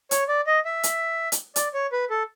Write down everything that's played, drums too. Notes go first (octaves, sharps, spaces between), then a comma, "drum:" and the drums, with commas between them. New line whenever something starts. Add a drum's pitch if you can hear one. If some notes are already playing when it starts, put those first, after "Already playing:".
C#5, drum: hi-hat
D5
D#5
E5
drum: hi-hat
drum: hi-hat
D5, drum: hi-hat
C#5
B4
A4